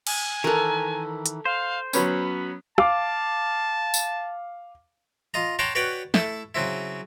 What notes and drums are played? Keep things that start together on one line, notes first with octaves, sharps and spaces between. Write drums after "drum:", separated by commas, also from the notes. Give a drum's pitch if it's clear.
G#5, drum: cymbal
D#3 E3 A4 A#4
drum: hi-hat
C5 F5
F#3 B3 C#4 B5, drum: tambourine
F5 A5 D6, drum: rim click
drum: tambourine
F4 D#5 A#5
C#5 F#5 G5 A5 A#5 C6
F#4 B4 C#5 D5 F#5 G5
A3 E4 A4, drum: snare
C#3 F#3 C4 E4